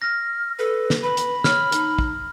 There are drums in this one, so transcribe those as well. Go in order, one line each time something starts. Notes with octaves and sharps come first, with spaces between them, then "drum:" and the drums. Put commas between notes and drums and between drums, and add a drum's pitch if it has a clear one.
F6 A#6
A4 B4
drum: snare
B4 B5
drum: hi-hat
C#5 F6, drum: snare
D#4, drum: hi-hat
drum: kick